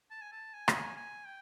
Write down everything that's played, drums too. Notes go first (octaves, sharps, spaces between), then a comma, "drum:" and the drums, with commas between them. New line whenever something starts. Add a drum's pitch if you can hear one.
A5
G#5
A5
G#5
drum: rim click
G#5
G5